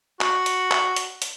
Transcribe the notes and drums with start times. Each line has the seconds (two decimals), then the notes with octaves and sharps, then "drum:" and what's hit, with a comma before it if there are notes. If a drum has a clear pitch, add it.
0.21 F#4, drum: clap
0.46 drum: hi-hat
0.71 drum: clap
0.96 drum: hi-hat
1.22 drum: hi-hat